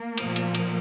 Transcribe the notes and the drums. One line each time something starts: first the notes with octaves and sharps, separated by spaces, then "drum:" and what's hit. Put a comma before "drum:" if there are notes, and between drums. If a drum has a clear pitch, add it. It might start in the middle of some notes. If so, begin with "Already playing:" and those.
Already playing: A#3
A#2 F3, drum: cymbal
drum: cymbal
drum: cymbal